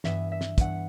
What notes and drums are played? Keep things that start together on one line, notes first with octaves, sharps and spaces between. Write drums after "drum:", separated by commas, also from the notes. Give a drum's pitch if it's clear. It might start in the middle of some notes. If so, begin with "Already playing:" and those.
G2 E3 B3 E5, drum: snare
E5
drum: snare
G2 E3 B3 F#5, drum: kick, hi-hat